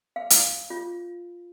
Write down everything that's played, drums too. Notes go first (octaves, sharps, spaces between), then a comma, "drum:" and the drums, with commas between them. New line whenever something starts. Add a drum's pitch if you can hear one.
F5
drum: hi-hat
F4